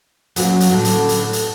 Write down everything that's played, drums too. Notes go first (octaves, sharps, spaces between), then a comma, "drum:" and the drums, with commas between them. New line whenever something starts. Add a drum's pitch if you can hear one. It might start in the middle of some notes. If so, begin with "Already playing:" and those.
F#2 F#3 A#3, drum: hi-hat
drum: hi-hat
F#2 A2 D3
drum: hi-hat
drum: hi-hat
drum: hi-hat